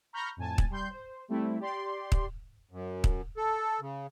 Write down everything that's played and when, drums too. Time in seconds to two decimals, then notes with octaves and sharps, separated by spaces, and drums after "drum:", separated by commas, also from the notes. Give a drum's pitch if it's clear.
0.13 A#5 B5 C#6 F6 G6 A#6
0.37 F2 A2 G#5 A5
0.58 drum: kick
0.70 G3 C6 G6
0.90 C5
1.28 G3 A3 C4 E4
1.60 G4 D5 C6
2.12 drum: kick
2.71 F#2
3.04 drum: kick
3.37 A4
3.81 C#3